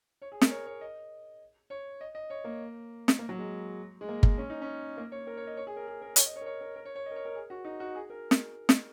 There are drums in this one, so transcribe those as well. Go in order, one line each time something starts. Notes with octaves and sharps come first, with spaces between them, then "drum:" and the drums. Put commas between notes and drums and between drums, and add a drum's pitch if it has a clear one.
C#5
G#4
A#4, drum: snare
C#5
C#5
D#5
C#5
D#5
D#5
C#5
A#3
drum: snare
A#3
F#3
G#3
G#3
A#3
A#3, drum: kick G1
C#4
D#4
C#4
A#3
C#5
A#4
C#5
D#5
C#5
G#4
A#4
G#4
A#4
C#5, drum: hi-hat
D#5
C#5
A#4
C#5
A#4
A#4
C#5
C#5
D#5
A#4
C#5
A#4
G#4
F#4
D#4
F#4
G#4
A#4
drum: snare
drum: snare